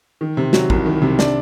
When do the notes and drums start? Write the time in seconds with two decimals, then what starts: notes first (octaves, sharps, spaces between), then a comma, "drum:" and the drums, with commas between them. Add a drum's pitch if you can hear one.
0.21 D#3
0.37 C3
0.53 F#3, drum: snare
0.70 C2, drum: kick
0.86 D#3
1.02 C3
1.19 D4, drum: snare